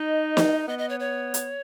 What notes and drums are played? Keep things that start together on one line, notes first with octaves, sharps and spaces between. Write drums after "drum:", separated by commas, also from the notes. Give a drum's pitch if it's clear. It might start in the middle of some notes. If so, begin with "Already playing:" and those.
Already playing: D#4 D#5
drum: snare
B3 D#5
D#5
C#5
C#5
drum: hi-hat